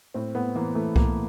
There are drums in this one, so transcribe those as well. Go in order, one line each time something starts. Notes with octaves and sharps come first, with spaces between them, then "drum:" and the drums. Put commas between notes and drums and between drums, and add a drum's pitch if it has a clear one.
A2 C4
A2 B3
E3 A#3
E3 A3
A2 A#3, drum: kick C2